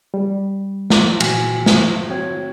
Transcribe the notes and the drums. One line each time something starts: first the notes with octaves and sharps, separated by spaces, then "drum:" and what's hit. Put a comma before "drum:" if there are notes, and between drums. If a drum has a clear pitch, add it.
G3
drum: snare
A#2 E3 F#4 G5 G#5 F6, drum: cymbal
drum: snare
C4 F#4 C#5 G5 G#6